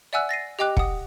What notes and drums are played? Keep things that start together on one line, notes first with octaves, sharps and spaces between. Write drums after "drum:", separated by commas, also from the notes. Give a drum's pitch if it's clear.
D5 E5 F#5 G#5 E6 F#6
A6 A#6 C7 D#7
G4 D#5 G5 D6 F#6
F#5 D#6, drum: kick